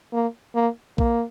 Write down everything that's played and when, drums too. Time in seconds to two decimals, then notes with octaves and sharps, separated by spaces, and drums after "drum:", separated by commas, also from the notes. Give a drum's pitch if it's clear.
0.13 A#3
0.55 A#3
0.98 A#3, drum: kick